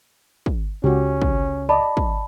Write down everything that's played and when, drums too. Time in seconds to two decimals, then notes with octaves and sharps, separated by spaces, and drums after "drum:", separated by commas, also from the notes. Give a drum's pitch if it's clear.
0.46 drum: kick
0.84 C#2 C#4 F#4 G4
1.22 drum: kick
1.69 D5 D#5 A5 B5
1.97 drum: kick